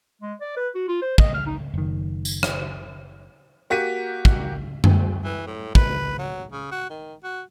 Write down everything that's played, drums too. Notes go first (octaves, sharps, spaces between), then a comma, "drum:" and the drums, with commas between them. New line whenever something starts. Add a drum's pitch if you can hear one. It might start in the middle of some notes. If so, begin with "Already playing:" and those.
G#3
D5
B4
F#4
F4
C5
D#5, drum: kick
F6
D#4
F#1 D#3
drum: tambourine
drum: rim click
A#3 F#4 G4 B6 D#7
drum: kick
drum: tom F#2
E3
A2
B4, drum: kick
F#3
C#3
F#4
D#3
F#4